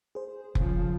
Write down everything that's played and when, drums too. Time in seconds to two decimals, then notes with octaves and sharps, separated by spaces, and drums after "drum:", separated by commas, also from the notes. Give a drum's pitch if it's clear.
0.15 G#4 C5
0.55 A#1 C#3 F3, drum: kick F1